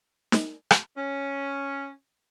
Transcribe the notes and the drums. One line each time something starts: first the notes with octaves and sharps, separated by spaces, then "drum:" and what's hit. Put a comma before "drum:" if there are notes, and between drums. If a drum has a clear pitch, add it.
drum: snare
drum: rim click
C#4